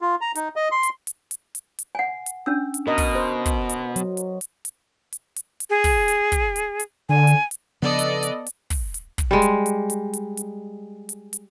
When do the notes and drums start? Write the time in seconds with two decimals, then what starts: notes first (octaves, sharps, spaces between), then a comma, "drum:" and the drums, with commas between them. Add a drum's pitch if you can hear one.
0.01 F4
0.21 A#5
0.35 D#4, drum: hi-hat
0.56 D#5
0.71 C6
0.83 drum: hi-hat
1.07 drum: hi-hat
1.31 drum: hi-hat
1.55 drum: hi-hat
1.79 drum: hi-hat
1.95 F#5 G#5
2.26 drum: hi-hat
2.46 C#4 D4 E6
2.74 drum: hi-hat
2.87 B2 A#4 D#5
2.98 drum: kick, open hi-hat
3.15 C5
3.46 drum: kick, hi-hat
3.69 drum: hi-hat
3.96 F#3, drum: hi-hat
4.17 drum: hi-hat
4.41 drum: hi-hat
4.65 drum: hi-hat
5.13 drum: hi-hat
5.36 drum: hi-hat
5.60 drum: hi-hat
5.70 G#4
5.84 drum: kick, open hi-hat
6.08 drum: hi-hat
6.32 drum: kick, hi-hat
6.56 drum: hi-hat
6.80 drum: hi-hat
7.09 D3 G#5
7.27 drum: hi-hat
7.51 drum: hi-hat
7.82 C#3 F3 B3 D4 A4 D5 D#5
7.99 drum: hi-hat
8.23 drum: hi-hat
8.46 drum: hi-hat
8.70 drum: kick, open hi-hat
8.94 drum: hi-hat
9.18 drum: kick, hi-hat
9.31 G3 G#3
9.42 drum: hi-hat
9.66 drum: hi-hat
9.90 drum: hi-hat
10.13 drum: hi-hat
10.37 drum: hi-hat
11.09 drum: hi-hat
11.33 drum: hi-hat